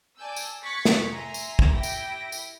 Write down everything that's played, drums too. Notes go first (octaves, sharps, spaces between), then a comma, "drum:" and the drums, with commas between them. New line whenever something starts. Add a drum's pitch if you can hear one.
D5 G#5 A5 E6 G6
drum: tambourine
C#6 F#6 G#6 A6 B6 C#7
drum: snare
E5 G#5 A#5 C6
drum: tambourine
drum: kick
E4 G4 E5 G5 A#6
drum: tambourine
drum: tambourine